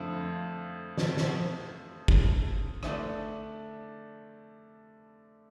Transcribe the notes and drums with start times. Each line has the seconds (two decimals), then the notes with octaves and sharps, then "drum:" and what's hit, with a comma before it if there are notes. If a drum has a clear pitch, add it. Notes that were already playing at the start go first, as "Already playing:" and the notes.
Already playing: F2 D3 F3 A3
0.98 drum: snare
1.17 drum: snare
2.08 drum: kick
2.83 D3 A3 D4, drum: rim click